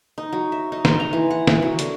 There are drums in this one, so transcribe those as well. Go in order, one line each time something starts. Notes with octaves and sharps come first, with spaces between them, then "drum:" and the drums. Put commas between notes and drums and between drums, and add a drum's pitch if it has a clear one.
D#4
F#3
E5
D#4
C6, drum: snare
A#5
E3
F#5
A#4, drum: snare
F#3
D3, drum: hi-hat